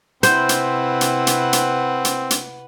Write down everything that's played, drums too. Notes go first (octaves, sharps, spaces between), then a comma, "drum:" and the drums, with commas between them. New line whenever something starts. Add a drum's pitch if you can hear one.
C3 C4 E4 B4 C5 F#5, drum: hi-hat
drum: hi-hat
drum: hi-hat
drum: hi-hat
drum: hi-hat
drum: hi-hat
drum: hi-hat